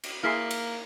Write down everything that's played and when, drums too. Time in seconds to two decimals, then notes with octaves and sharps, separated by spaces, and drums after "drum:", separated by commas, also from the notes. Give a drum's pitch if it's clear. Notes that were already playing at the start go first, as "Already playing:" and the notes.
0.03 drum: cymbal
0.24 A#3 E4 G#4 C6 F6 B6 C7
0.51 drum: cymbal